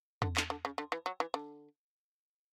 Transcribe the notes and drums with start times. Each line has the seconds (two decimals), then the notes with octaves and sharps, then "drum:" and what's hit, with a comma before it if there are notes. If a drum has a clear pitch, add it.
0.22 D3, drum: tom E2
0.37 D3, drum: clap
0.50 D3
0.65 C#3
0.78 D3
0.92 E3
1.06 F#3
1.20 E3
1.34 D3